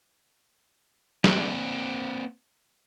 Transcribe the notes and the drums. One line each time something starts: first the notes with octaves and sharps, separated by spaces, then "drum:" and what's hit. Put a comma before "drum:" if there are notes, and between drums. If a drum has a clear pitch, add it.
A#3 C4 B4 D5 G5, drum: snare